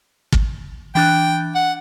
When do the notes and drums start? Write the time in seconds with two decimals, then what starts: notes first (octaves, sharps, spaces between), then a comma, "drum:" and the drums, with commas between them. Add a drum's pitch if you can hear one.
0.32 drum: kick
0.95 E3 D4 G5 F#6
1.55 F#5